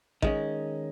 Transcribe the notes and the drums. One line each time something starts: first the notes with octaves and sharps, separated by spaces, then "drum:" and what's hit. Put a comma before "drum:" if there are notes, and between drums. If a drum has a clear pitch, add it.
D#3 G#3 C#4 D#5, drum: kick A1